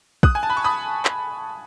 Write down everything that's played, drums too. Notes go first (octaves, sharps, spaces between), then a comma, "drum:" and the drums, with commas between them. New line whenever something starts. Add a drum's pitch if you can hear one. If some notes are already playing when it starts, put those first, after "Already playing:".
D#6 F#6, drum: kick
G#5
A5
B5
C#6
B5 D#6
drum: clap